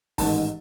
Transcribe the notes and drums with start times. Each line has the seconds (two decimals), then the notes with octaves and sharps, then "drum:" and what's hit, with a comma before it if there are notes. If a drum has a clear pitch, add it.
0.18 A1 G#2 D#3 A5, drum: kick, open hi-hat